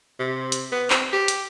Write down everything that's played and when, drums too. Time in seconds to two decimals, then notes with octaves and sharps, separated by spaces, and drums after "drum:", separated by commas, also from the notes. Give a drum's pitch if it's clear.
0.19 C3
0.52 drum: hi-hat
0.72 B3
0.90 C4, drum: clap
1.12 G4
1.28 drum: hi-hat